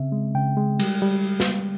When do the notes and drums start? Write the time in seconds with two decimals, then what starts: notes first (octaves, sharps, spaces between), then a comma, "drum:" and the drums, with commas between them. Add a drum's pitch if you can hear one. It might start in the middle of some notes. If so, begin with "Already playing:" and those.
Already playing: C#3 C4 E5
0.12 G#3
0.34 C#3 G5
0.57 G#3
0.79 G3, drum: cymbal
1.02 G3
1.40 drum: snare